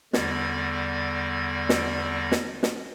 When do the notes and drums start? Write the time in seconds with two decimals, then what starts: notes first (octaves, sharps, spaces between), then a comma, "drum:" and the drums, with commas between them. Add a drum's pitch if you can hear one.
0.13 E2 D3 G3 D5 G#6 A#6, drum: snare
1.69 drum: snare
2.32 drum: snare
2.63 drum: snare